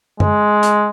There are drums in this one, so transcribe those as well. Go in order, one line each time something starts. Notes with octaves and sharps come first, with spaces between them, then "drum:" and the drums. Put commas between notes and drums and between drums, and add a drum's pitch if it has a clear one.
G#3, drum: tom F#2
drum: hi-hat